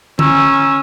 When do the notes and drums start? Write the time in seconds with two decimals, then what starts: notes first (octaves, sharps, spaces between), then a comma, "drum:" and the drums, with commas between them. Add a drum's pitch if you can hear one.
0.19 C#4 G#5 A#5 E6, drum: tom D3